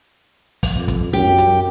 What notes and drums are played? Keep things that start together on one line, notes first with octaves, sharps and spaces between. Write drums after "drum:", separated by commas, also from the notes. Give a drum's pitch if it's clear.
drum: kick, open hi-hat
F2
drum: kick, hi-hat
F#2 G4
drum: hi-hat